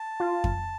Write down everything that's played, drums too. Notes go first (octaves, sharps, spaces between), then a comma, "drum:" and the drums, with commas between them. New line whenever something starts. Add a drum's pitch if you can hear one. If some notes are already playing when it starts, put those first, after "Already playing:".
Already playing: A5
F4
drum: kick F2